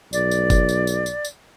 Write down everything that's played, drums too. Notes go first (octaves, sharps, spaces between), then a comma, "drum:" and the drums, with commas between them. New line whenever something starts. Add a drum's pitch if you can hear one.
B1 D5, drum: tambourine
drum: tambourine
drum: kick F#1, tambourine
drum: tambourine
drum: tambourine
drum: tambourine
drum: tambourine